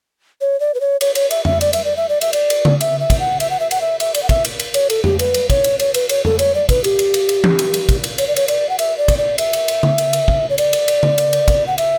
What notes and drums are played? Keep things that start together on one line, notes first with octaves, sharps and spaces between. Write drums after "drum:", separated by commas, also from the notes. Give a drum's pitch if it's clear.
C#5
D5
B4
C#5
C#5, drum: cymbal
C#5, drum: cymbal
E5, drum: cymbal
E5, drum: tom F2
D5, drum: cymbal
E5, drum: cymbal
D5
E5
D5
E5, drum: cymbal
D5, drum: cymbal
drum: cymbal
drum: tom C#3
E5, drum: cymbal
E5
drum: kick, cymbal
F#5
E5, drum: cymbal
F#5
E5
F#5, drum: cymbal
E5
E5, drum: cymbal
D5, drum: cymbal
F#5
E5, drum: kick, cymbal
drum: cymbal
drum: cymbal
C#5, drum: cymbal
A4, drum: cymbal
G4, drum: tom F2
B4, drum: cymbal
drum: cymbal
C#5, drum: kick, cymbal
drum: cymbal
C#5, drum: cymbal
B4, drum: cymbal
C#5, drum: cymbal
A4, drum: tom F2
C#5, drum: cymbal
D5
B4, drum: kick, cymbal
G4, drum: cymbal
drum: cymbal
drum: cymbal
drum: cymbal
drum: tom E3
drum: cymbal
drum: cymbal
drum: kick, cymbal
drum: cymbal
C#5, drum: cymbal
D5
C#5, drum: cymbal
D5, drum: cymbal
F#5
E5, drum: cymbal
D5
drum: kick, cymbal
D5
E5, drum: cymbal
drum: cymbal
drum: cymbal
drum: tom C#3
drum: cymbal
drum: cymbal
drum: kick
C#5
D5, drum: cymbal
drum: cymbal
drum: cymbal
drum: tom C#3
drum: cymbal
drum: cymbal
drum: kick, cymbal
F#5
E5, drum: cymbal